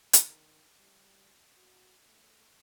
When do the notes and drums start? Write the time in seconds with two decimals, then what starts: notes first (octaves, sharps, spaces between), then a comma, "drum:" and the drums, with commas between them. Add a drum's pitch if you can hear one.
0.13 D#3, drum: hi-hat
0.78 G3
1.57 F#4
2.06 A3